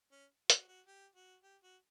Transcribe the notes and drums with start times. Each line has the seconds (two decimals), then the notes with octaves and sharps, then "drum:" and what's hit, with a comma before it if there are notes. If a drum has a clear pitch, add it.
0.12 C#4
0.50 F#4, drum: hi-hat
0.68 F#4
0.87 G4
1.16 F#4
1.43 G4
1.63 F#4